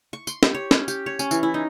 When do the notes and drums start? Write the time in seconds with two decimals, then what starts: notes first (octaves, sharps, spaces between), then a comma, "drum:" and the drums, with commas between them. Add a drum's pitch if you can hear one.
0.13 C#6
0.27 C6, drum: tambourine
0.43 G4, drum: snare
0.55 C#5
0.71 C#4, drum: snare
0.88 G4, drum: tambourine
1.06 C#5
1.19 C#4, drum: tambourine
1.31 E3, drum: tambourine
1.43 E4
1.54 D#4